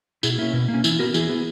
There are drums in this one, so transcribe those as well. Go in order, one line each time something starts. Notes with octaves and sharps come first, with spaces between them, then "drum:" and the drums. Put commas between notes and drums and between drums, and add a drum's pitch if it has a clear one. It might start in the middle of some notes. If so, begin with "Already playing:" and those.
B2 E4 G#4, drum: tambourine
A#3 C#4 E4
B2
A#3
C#4
E3 E4, drum: tambourine
B3 F#4 A#4
E3 E4 G#4, drum: tambourine
B3